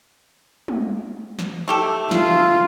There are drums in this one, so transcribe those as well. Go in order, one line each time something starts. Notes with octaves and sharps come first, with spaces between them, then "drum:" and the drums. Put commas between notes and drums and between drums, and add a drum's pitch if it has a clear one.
drum: tom
drum: snare
A3 G4 A4
F4, drum: snare